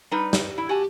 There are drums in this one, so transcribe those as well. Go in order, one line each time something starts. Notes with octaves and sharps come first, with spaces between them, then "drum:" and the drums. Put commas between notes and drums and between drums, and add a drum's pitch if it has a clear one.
G3 D#4 B4
drum: snare
E4
F#4 G4 G#5 A5